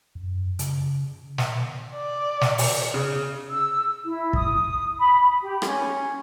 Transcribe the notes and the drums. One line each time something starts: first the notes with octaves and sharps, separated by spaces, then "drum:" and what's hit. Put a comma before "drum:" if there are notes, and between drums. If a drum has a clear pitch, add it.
F#2
C#3, drum: hi-hat
drum: snare
D5
drum: snare
drum: open hi-hat
C#3
E6
E4
D#6, drum: kick
B5
G4
C#4, drum: rim click